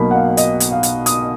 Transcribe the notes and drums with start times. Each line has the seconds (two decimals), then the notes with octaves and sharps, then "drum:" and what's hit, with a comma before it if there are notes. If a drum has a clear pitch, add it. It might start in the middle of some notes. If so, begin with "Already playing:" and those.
Already playing: B1 B2 A#3 B5
0.11 F#5
0.15 F5
0.37 D#5, drum: hi-hat
0.60 drum: hi-hat
0.72 F5
0.83 drum: hi-hat
1.06 D#6, drum: hi-hat